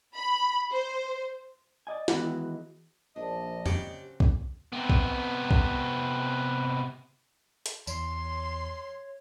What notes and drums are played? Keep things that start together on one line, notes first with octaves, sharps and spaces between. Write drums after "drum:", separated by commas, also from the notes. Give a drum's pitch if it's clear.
B5
C5
D5 D#5 G#5
D#3 E3 G#3 B3 F#4, drum: snare
A#1 D4 D#5
C#3 F#3 C4 G4 C#5 D5, drum: tom F2
drum: kick B1
C3 B3
drum: kick B1
drum: kick B1
drum: hi-hat
E2 C#5 C6, drum: tambourine